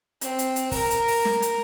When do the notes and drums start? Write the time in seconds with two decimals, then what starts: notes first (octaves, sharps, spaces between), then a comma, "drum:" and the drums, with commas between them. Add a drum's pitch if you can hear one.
0.21 C4, drum: hi-hat
0.39 drum: hi-hat
0.56 drum: hi-hat
0.71 A#4, drum: kick, open hi-hat
0.90 drum: hi-hat
1.08 drum: open hi-hat
1.25 drum: snare
1.42 drum: hi-hat